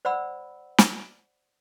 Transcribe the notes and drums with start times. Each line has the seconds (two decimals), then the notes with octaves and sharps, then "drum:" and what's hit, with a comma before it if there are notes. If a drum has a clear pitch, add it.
0.05 C5 D5 F#5 B5 E6
0.78 drum: snare